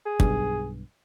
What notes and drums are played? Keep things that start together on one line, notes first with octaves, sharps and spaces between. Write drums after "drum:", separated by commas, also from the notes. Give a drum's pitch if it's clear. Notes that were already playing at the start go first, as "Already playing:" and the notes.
G#4
B1 G2, drum: kick